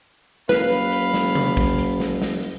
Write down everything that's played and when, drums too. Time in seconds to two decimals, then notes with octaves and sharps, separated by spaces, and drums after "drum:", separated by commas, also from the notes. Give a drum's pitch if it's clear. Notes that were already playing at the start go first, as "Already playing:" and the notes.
0.49 F#1 B4 F5 B5, drum: snare
0.71 drum: hi-hat
0.92 drum: hi-hat
1.14 drum: snare
1.35 drum: tom C3
1.57 drum: kick, hi-hat
1.78 drum: hi-hat
2.00 drum: snare
2.22 drum: snare
2.43 drum: hi-hat